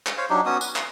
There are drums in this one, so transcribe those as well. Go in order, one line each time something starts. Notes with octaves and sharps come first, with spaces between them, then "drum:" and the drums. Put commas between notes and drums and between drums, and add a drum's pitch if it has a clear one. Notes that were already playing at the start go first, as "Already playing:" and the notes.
drum: clap
C5 C#5 F5
F#3 D4 D#4 G4
B3 C#4 F#4 D#6
B4, drum: tambourine
C6, drum: clap